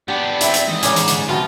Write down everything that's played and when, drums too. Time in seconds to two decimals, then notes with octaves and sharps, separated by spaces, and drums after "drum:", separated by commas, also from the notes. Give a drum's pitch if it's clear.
0.08 B3 D4 G4 D5
0.41 C4 E4 E5, drum: hi-hat
0.54 drum: hi-hat
0.68 G#2 E3 D#5
0.83 A#2 C#3 G#5 D6, drum: hi-hat
0.96 drum: hi-hat
1.08 D3, drum: hi-hat
1.29 C3 F3 B3 F4 F#4